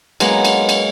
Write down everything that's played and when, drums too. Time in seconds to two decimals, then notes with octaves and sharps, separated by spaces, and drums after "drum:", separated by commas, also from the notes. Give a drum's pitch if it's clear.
0.20 F#3 G#3 A#3 B3, drum: cymbal
0.45 drum: cymbal
0.69 drum: cymbal